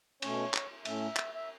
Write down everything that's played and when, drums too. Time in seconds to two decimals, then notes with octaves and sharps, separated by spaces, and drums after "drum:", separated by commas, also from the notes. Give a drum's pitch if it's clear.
0.22 B2 A3 C#4 C#5, drum: cymbal
0.54 drum: clap
0.85 A2 A3 C#4 E5, drum: cymbal
1.17 drum: clap
1.35 E5